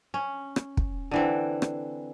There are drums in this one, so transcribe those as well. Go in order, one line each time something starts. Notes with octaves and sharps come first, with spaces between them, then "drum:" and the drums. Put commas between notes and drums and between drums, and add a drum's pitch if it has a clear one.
C#4
drum: rim click
drum: kick
D3 E3 C4
drum: rim click